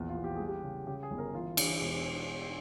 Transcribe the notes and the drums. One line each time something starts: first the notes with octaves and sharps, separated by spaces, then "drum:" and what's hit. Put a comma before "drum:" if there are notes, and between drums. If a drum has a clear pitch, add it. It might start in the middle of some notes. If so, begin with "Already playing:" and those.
Already playing: A#1 E2
F4
E2
G4
G3 G#4
G4
C#3
C#3 G4
G#4
G1
A#4
E3 F4
E3, drum: cymbal
E1